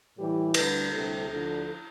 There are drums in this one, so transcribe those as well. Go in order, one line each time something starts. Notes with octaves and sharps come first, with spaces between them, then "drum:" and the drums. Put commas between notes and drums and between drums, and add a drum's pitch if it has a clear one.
A2 E3 G3 G4
D2 D3 G3 B4, drum: cymbal
D2 C3 G3 A4
D2 D3 F3 A4